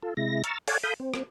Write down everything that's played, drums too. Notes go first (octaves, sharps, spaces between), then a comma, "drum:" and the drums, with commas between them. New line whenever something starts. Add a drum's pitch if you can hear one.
F4 A4
C3 G#3 E4 A#6
A#5 C#6 E6 F6 A6, drum: hi-hat
A4 C#5 D5 F5 F#5 G#5, drum: open hi-hat
A4 F5 B5 D#6 G6
C4
drum: rim click